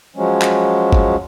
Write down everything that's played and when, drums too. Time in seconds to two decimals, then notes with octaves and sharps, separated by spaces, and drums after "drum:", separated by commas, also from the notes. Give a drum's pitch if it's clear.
0.16 F3 F#3 G#3 C#4
0.42 drum: clap
0.93 drum: kick G1